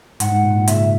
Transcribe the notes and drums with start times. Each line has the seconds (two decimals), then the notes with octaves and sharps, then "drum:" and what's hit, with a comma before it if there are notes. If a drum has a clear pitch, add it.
0.20 G#2 F#5, drum: hi-hat
0.32 G#2
0.44 A#2
0.56 A#2
0.68 A#2 C#3 E5, drum: hi-hat